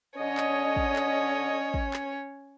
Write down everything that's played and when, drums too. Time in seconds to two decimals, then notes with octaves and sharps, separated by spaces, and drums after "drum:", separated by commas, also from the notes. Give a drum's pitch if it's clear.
0.18 D3 C#4 C#5 D#5
0.37 drum: clap
0.76 drum: kick
0.96 drum: clap
1.74 drum: kick
1.93 drum: clap